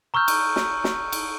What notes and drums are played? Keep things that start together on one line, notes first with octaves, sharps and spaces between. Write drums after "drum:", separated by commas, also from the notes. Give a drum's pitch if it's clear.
A#5 C#6 E6 F6 G6
drum: cymbal
drum: snare
drum: snare
drum: cymbal